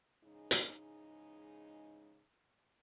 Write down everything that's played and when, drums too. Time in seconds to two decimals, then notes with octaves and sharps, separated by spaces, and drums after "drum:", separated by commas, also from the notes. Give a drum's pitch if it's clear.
0.24 G#2 C#3 E3 G#3 D#4
0.51 drum: hi-hat